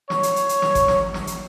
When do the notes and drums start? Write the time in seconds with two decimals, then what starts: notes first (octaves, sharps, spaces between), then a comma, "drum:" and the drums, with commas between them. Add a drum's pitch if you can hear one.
0.10 C#5, drum: snare
0.23 drum: hi-hat
0.36 drum: hi-hat
0.49 drum: hi-hat
0.62 drum: snare
0.75 drum: kick G#1, hi-hat
0.88 drum: snare
1.14 drum: snare
1.27 drum: hi-hat